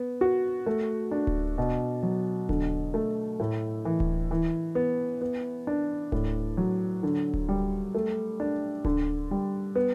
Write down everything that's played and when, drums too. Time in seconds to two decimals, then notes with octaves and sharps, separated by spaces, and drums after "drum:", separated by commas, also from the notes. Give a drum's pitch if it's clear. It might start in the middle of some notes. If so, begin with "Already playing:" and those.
Already playing: B3
0.21 F#4
0.66 A3
1.11 D4
1.27 drum: kick D1
1.58 B2
2.03 F#3
2.49 D3, drum: kick D1
2.94 A3
3.40 A2
3.85 E3
4.00 drum: kick D1
4.31 E3
4.75 B3
5.21 B3
5.67 D4
6.12 A2, drum: kick D1
6.57 F#3
7.03 D3
7.34 drum: kick D1
7.48 G3
7.95 A3
8.40 D4
8.85 D3, drum: kick D1
9.31 G3
9.76 B3